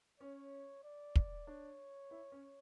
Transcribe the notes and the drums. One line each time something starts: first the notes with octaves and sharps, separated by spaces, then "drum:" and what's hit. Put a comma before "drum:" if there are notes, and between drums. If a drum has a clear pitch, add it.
C#4 C#5
D5
drum: kick
D4 C#5
E4
C#4